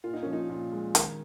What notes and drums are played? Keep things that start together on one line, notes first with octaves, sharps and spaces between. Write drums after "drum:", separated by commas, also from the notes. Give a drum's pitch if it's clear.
A#2 F4
D#4
F3 C#4
D#4
A#2
G#3
D#3, drum: hi-hat